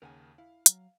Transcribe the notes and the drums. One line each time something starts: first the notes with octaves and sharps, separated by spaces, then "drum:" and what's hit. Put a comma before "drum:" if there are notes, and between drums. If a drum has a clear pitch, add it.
D#2 C#3 A#4 F#5 G#5
E4 F5
F#3, drum: hi-hat